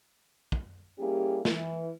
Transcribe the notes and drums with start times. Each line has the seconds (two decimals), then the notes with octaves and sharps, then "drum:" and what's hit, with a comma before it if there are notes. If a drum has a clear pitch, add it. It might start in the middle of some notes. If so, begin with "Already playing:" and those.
0.52 drum: kick
0.99 G3 A#3 C#4 E4 G4 G#4
1.45 E3, drum: snare